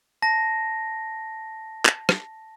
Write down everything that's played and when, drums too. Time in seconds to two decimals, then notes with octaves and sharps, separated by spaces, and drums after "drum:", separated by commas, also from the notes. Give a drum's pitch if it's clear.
0.22 A5 A#6
1.86 drum: clap
2.09 drum: rim click